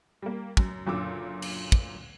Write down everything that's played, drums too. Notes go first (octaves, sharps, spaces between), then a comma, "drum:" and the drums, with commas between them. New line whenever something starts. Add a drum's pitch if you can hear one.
G3 A#3
F#2, drum: kick
F#1 F#2 A#2 D3 D6 E6
drum: cymbal
drum: kick